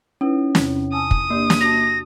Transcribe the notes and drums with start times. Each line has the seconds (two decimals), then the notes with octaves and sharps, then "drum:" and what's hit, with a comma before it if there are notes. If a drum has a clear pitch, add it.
0.21 C#4 D#4 E4 B4
0.55 E2 C3 C4, drum: snare
0.93 G#5 A5 D#6 E6
1.11 drum: kick
1.30 A#3 D4 G4 D5
1.50 drum: snare
1.61 F#4 A5 A#6